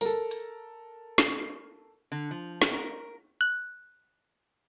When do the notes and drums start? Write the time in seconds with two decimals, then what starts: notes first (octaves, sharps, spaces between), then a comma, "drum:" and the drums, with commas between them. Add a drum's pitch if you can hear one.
0.01 A4 A#4, drum: tambourine
0.31 drum: hi-hat
1.18 drum: snare
2.12 D3
2.31 F3
2.62 drum: snare
2.72 A#4
3.41 F#6